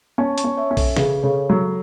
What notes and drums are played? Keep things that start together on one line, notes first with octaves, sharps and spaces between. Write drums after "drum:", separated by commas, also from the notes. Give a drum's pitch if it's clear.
C#4 A5 C#6
A5 C#6, drum: hi-hat
C#4
C#5 E5
C#4
A4, drum: kick A#1, open hi-hat
C#3 G#4 B4, drum: snare
C#3 A4 C#5
F#3 A4